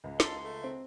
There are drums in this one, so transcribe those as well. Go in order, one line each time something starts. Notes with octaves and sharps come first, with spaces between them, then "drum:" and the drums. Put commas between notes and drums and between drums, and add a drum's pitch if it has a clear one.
C#2
A4 C6, drum: snare
A3
C4